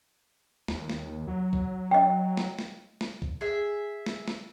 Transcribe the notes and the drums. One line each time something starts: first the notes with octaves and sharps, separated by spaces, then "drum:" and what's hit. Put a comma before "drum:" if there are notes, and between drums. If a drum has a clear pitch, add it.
D#2, drum: snare
drum: snare
F#3
drum: kick
D#5 G5
drum: snare
drum: snare
drum: snare
drum: kick
G#4 E5
drum: snare
drum: snare